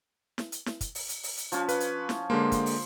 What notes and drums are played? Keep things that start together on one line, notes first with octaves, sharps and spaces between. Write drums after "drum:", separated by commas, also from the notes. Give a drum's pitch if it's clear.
drum: snare
drum: hi-hat
drum: snare
drum: kick, hi-hat
drum: open hi-hat
drum: hi-hat
drum: open hi-hat
drum: hi-hat
F3 C#4, drum: hi-hat
B4, drum: hi-hat
drum: hi-hat
drum: snare
D3 G#3 A#3 C5
drum: kick, hi-hat
drum: open hi-hat